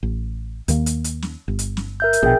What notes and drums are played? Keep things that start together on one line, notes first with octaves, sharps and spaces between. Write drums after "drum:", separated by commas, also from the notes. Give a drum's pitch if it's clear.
A1
D#2 D#3 A#3, drum: hi-hat
drum: hi-hat
drum: hi-hat
drum: snare
G1
drum: hi-hat
drum: snare
A#4 E5 G6
drum: hi-hat
A#1 B2 G#4 G5